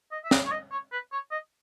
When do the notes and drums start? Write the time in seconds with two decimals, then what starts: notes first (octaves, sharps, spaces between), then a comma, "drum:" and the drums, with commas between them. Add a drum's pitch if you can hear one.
0.12 D#5
0.24 E5
0.31 D#5, drum: snare
0.46 C#5
0.52 D#5
0.71 C#5
0.92 B4
1.12 C#5
1.31 D#5